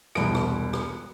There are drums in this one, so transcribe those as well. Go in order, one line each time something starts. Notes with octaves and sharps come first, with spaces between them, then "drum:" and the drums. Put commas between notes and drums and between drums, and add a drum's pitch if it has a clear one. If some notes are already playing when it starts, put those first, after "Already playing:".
E1 C2 D7, drum: rim click
drum: rim click
drum: rim click